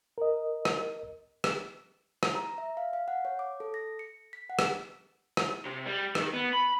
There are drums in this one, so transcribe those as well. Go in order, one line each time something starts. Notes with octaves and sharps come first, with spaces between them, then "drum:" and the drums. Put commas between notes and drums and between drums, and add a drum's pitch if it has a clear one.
A#4 D#5
drum: rim click
drum: rim click
drum: rim click
A#5
E5
F5
F5
F#5
C#5
D6
A4
A#6
C#7
B6
F#5
drum: rim click
drum: rim click
C3
G3
D#3, drum: rim click
B3
B5